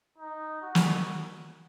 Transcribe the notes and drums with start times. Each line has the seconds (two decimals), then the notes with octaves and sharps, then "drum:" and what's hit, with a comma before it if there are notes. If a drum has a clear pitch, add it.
0.18 D#4
0.62 F#4
0.75 drum: snare